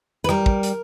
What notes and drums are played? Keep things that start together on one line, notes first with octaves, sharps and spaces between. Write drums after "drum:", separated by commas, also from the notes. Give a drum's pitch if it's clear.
B4
G3 A#4, drum: rim click
drum: kick
drum: hi-hat